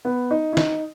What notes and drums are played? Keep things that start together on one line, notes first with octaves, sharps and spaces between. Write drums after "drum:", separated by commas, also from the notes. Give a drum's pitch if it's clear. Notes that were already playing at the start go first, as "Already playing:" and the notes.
B3
D#4
E4
D#4, drum: snare